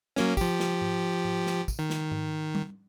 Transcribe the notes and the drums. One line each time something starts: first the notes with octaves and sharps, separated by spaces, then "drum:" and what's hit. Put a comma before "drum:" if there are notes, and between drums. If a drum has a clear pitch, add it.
F#3 A#3 C#4, drum: snare
F3 G4, drum: kick, tambourine
drum: snare
drum: tom G#2
drum: tom G#2
drum: snare
drum: kick, tambourine
D#3
drum: snare
drum: tom G#2
drum: tom G3